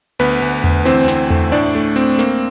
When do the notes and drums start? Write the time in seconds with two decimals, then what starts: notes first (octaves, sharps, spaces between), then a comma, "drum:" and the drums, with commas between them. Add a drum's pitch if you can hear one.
0.19 D2 B3 B4
0.42 D2
0.64 D2, drum: tom E2
0.85 E3 C4 C5
1.08 C4, drum: snare
1.30 A3, drum: tom E2
1.52 A2 D4 D5
1.75 A3
1.96 C4
2.19 A#3, drum: snare